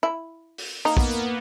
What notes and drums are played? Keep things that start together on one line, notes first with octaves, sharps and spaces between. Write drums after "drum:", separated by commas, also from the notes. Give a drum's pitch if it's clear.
E4
drum: open hi-hat
A#3 D#4
B3, drum: kick
A#3